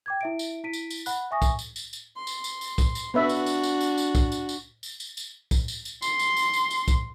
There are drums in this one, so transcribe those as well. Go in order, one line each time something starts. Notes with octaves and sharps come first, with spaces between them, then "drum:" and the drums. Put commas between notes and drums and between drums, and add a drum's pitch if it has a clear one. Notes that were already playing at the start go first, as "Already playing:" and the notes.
G5 D6 G#6
E4 E5 D7
drum: tambourine
E4 B6 D7 D#7
drum: tambourine
drum: tambourine
F#5 B5 F#6, drum: tambourine
E5 G#5 C#6 D#6 A#6
drum: kick, tambourine
drum: tambourine
drum: tambourine
drum: tambourine
C6
drum: tambourine
drum: tambourine
drum: tambourine
drum: kick, tambourine
drum: tambourine
B3 D4 F#4 B4 E5
drum: tambourine
drum: tambourine
drum: tambourine
drum: tambourine
drum: tambourine
drum: kick, tambourine
drum: tambourine
drum: tambourine
drum: tambourine
drum: tambourine
drum: tambourine
drum: kick, tambourine
drum: tambourine
drum: tambourine
C6, drum: tambourine
drum: tambourine
drum: tambourine
drum: tambourine
drum: tambourine
drum: kick, tambourine